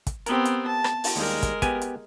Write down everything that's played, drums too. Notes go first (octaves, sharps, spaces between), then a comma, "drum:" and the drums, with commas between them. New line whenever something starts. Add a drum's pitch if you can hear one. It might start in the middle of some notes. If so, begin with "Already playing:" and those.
drum: kick, hi-hat
B3 C4 G4 A#4, drum: hi-hat
drum: hi-hat
A5
drum: rim click
drum: open hi-hat
D#2 G3 G#3 A#4
drum: kick, hi-hat
B3 G4 G#5, drum: kick, hi-hat
drum: hi-hat